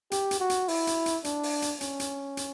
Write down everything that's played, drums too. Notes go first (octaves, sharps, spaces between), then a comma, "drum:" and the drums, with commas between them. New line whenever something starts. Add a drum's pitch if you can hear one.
G4, drum: hi-hat
drum: hi-hat
F#4
drum: hi-hat
E4, drum: open hi-hat
drum: hi-hat
drum: hi-hat
D4, drum: hi-hat
drum: open hi-hat
drum: hi-hat
C#4, drum: hi-hat
drum: hi-hat
drum: hi-hat